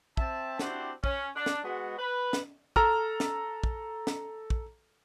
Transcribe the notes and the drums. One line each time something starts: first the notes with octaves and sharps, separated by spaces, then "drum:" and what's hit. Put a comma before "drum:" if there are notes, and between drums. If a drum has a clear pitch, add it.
C4 E5 A5, drum: kick
C4 D4 E4 F#4 G4 C5, drum: snare
C#4, drum: kick
D4
drum: snare
G#3 B3 F#4
B4
drum: snare
A4 A#5 E6 F6, drum: kick
drum: snare
drum: kick
drum: snare
drum: kick